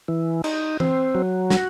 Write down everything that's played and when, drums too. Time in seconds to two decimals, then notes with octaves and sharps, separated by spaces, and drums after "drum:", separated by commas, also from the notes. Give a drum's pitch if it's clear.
0.08 E3
0.44 D#4, drum: cymbal
0.80 C4, drum: tom E3
1.15 F#3
1.50 F#4, drum: snare